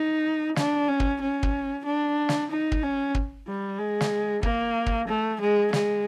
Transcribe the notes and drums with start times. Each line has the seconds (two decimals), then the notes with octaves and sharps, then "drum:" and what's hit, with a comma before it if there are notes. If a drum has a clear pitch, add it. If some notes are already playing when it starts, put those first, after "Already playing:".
Already playing: D#4
0.56 D4, drum: snare
0.89 C#4
1.00 drum: kick
1.22 C#4
1.43 drum: kick
1.86 D4
2.29 drum: snare
2.51 D#4
2.72 drum: kick
2.83 C#4
3.15 drum: kick
3.47 G3
3.78 G#3
4.01 drum: snare
4.43 A#3, drum: kick
4.86 drum: kick
5.08 A3
5.41 G#3
5.73 G#3, drum: snare